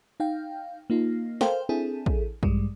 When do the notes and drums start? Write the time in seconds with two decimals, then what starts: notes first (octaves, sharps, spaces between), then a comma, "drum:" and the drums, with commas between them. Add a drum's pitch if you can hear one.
0.20 D#4 F5 G5
0.90 A#3 D#4 F4
1.41 A4 A#4 C5 F5 G5, drum: snare
1.69 C4 D4 E4 G#4 A4
2.06 drum: kick
2.43 G2 G3 G#3, drum: kick